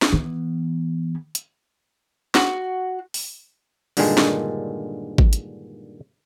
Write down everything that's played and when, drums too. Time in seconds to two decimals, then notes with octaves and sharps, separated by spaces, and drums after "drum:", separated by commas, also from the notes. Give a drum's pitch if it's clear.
0.02 drum: snare
0.13 E3 B3
1.35 drum: hi-hat
2.35 F#4, drum: snare
3.14 drum: open hi-hat
3.97 G2 A#2 D3 D#3 G#3, drum: open hi-hat
4.18 drum: snare
5.18 drum: kick G#1
5.33 drum: hi-hat